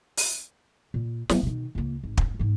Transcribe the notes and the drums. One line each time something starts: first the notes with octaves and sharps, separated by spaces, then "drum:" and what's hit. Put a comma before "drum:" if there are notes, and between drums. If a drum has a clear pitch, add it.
drum: open hi-hat
A#2
F#3 B3, drum: snare
B2 D#3
C#2 A#3
G#1
drum: kick
G#2 A#3